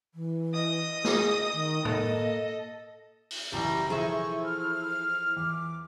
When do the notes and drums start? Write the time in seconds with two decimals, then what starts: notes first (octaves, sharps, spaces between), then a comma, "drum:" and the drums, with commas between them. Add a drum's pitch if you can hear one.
0.14 E3
0.54 D#5 D#6
1.04 G#4, drum: snare
1.53 D#3
1.85 A#3 A4 D#5, drum: tom A2
3.31 drum: open hi-hat
3.52 F#1 B2 E3 G3 D5 A#5
3.90 E3 F3 E4 G#4 A4 C5 E5 C#6
4.45 F6
5.37 E2 D6